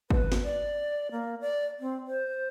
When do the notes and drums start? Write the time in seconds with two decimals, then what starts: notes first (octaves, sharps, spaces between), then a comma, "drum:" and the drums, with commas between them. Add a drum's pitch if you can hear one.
0.10 B4, drum: kick
0.32 drum: snare
0.44 D5
1.12 A#3
1.41 D5
1.80 C4
2.07 C5